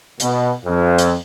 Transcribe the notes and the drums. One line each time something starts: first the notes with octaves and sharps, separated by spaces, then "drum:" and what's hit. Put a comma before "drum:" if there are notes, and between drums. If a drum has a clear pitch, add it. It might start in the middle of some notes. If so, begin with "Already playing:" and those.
B2, drum: hi-hat
F2
drum: hi-hat